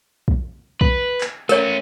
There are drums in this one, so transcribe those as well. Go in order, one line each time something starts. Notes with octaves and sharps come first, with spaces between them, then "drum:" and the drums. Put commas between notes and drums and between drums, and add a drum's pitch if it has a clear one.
drum: kick
B4, drum: kick
drum: clap
A3 C#4 A#4 C#5, drum: tambourine